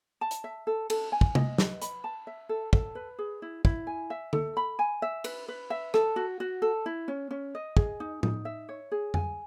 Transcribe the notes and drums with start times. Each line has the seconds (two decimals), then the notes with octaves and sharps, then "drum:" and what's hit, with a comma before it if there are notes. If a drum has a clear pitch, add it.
0.21 A5
0.31 drum: hi-hat
0.44 E5
0.67 A4
0.90 A4, drum: cymbal
1.12 G#5
1.21 drum: kick
1.35 D#5, drum: tom C3
1.58 B4, drum: snare
1.82 B5, drum: hi-hat
2.04 A5
2.27 E5
2.49 A4
2.73 A4, drum: kick
2.95 B4
3.19 G#4
3.42 E4
3.65 E4, drum: kick
3.87 G#5
4.10 E5
4.33 A4, drum: tom D3
4.57 B5
4.79 G#5
5.02 E5
5.24 B4, drum: cymbal
5.48 B4
5.70 E5
5.94 A4, drum: rim click
6.16 F#4
6.40 F#4
6.62 A4
6.86 E4
7.08 C#4
7.31 C#4
7.55 D#5
7.77 G#4, drum: kick
8.00 D#4
8.23 D#4, drum: tom A2
8.45 E5
8.69 C#5
8.92 G#4
9.14 G#5, drum: tom F2